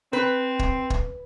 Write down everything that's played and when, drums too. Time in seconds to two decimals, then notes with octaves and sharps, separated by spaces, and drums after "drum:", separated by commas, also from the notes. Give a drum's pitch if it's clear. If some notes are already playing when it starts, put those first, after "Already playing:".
0.13 C4 B4
0.59 drum: kick
0.90 drum: kick